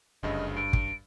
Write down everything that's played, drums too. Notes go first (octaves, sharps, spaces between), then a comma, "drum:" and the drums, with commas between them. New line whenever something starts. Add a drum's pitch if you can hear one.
F#1 D2 G2 C#3 D#5
G2 D7
drum: kick